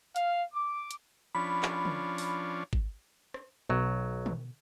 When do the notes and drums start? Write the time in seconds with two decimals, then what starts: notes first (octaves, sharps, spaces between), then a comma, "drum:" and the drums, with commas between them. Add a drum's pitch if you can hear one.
0.16 F5, drum: hi-hat
0.54 D6
0.91 drum: hi-hat
1.35 F3 C#4 D4 B5
1.63 drum: clap
1.85 drum: tom
2.18 drum: open hi-hat
2.73 drum: kick G#1
3.34 drum: rim click
3.70 B1 B2 F#3
4.26 drum: tom